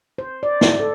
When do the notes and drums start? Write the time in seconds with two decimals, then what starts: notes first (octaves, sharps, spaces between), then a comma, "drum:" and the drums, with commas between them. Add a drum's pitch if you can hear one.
0.18 C5
0.43 D5
0.61 drum: snare
0.80 A4